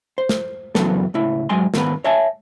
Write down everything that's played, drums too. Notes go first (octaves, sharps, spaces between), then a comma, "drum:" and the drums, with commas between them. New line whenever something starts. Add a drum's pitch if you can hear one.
C5
drum: snare
C#2 F#2 E3 F#3 B3 A4, drum: snare
C#2 A2 E4
G#2 F#3 G#3 G5 G#5 C6
G#2 D#3 B3 B4, drum: snare
C#5 E5 G#5 A5